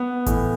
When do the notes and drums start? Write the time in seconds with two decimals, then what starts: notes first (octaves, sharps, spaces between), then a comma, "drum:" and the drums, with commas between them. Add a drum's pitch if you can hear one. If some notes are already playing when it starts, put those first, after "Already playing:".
Already playing: B3
0.26 A2 E3, drum: kick G#1, hi-hat